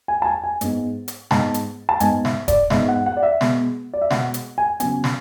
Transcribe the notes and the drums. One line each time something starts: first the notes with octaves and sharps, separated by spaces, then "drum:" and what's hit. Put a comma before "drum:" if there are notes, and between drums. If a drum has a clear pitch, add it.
G#5
A5
G#5
G#5
G#2 G#3 B3, drum: hi-hat
drum: hi-hat
G#2 G#3 B3 A5, drum: snare
drum: hi-hat
A5
G#2 G#3 B3 G#5, drum: hi-hat
E5, drum: snare
D5, drum: kick E1, hi-hat
G#2 G#3 B3 E5, drum: snare
F#5
F#5
D5
E5
B2 G#3 B3, drum: snare
D5
E5
B2 G#3 B3 F#5, drum: snare
drum: hi-hat
G#5
C#3 F#3 B3 G#5, drum: hi-hat
drum: snare